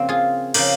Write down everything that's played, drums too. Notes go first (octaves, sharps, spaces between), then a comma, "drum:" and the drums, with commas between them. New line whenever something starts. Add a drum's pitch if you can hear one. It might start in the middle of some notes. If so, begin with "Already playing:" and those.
Already playing: C#3 F3 A#3 C4
F4 G#4
C#3 F3 G4 A#4, drum: cymbal